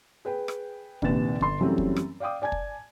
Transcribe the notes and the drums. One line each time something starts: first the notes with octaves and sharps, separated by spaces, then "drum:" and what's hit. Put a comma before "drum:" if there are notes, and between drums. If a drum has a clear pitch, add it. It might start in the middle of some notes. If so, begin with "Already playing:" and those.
G#4 B4 G5
drum: rim click
A#1 D#2 C3 B4 A6 E7, drum: kick
G1 C6, drum: kick
F#2 E3 F#3 G3 A3 C4
drum: kick
drum: rim click
D5 F5 G5 D6 D#6
D5 G#5 A5 G#6
drum: kick